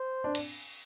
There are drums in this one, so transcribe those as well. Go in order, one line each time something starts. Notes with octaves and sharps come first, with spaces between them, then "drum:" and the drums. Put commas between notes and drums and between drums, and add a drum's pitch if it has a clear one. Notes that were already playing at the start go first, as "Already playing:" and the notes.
Already playing: C5
D4
drum: cymbal